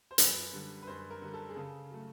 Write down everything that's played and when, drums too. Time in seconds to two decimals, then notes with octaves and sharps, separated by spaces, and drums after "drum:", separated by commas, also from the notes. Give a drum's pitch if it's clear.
0.11 C5
0.18 F#2 B4, drum: hi-hat
0.53 D3 G3
0.82 B4
0.87 F#2 C5
1.11 A#4
1.22 D3 G3
1.33 A4
1.49 G#4
1.56 C#3 A4
1.91 F#3 A3